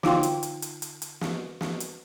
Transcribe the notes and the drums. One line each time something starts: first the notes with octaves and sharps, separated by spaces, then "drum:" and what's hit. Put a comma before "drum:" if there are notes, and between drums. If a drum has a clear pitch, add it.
D3 D#4 F4 F5 G5 C6, drum: snare
drum: hi-hat
drum: hi-hat
drum: hi-hat
drum: hi-hat
drum: hi-hat
drum: snare
drum: snare
drum: hi-hat